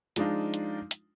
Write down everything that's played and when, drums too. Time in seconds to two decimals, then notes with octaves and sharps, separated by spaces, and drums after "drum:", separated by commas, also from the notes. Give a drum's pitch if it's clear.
0.16 F3 G#3 D4 D#4 F4, drum: hi-hat
0.54 drum: hi-hat
0.91 drum: hi-hat